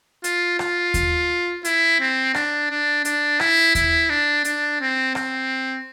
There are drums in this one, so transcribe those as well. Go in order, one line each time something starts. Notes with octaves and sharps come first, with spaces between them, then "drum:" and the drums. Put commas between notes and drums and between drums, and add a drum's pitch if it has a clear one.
F4, drum: hi-hat
F4, drum: rim click
drum: kick D#2, hi-hat
E4, drum: hi-hat
C4
D4, drum: rim click
D4
D4, drum: hi-hat
E4, drum: rim click
E4, drum: kick D#2, hi-hat
D4
D4, drum: hi-hat
C4
C4, drum: rim click